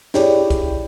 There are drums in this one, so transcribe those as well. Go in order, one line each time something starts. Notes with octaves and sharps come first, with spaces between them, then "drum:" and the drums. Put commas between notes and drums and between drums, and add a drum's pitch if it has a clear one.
E4 G4 G#4 C#5 D5, drum: snare
drum: kick C2, hi-hat